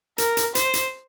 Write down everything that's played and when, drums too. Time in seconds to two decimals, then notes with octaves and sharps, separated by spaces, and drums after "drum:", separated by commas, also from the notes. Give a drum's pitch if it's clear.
0.18 A#4, drum: hi-hat
0.37 drum: hi-hat
0.55 C5, drum: hi-hat
0.74 drum: hi-hat